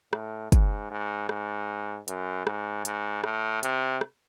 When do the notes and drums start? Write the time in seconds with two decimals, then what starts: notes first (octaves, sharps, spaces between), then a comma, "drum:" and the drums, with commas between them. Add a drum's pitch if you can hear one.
0.13 A2, drum: rim click
0.52 G#2, drum: kick, hi-hat
0.91 G#2
1.29 G#2, drum: rim click
2.08 F#2, drum: hi-hat
2.47 G#2, drum: rim click
2.85 G#2, drum: hi-hat
3.24 A2, drum: rim click
3.63 C3, drum: hi-hat
4.01 drum: rim click